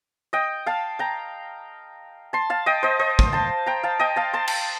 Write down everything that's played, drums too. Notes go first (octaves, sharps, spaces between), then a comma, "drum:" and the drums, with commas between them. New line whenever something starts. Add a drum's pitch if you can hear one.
D#5 G5
F5 A5
G5 A#5
A5 C6
F5 A5
D#5 G5
C5 D#5
C5 D#5
drum: kick
A5 C6
G5 A#5
F5 A5
D#5 G5
F5 A5
A5 C6
drum: cymbal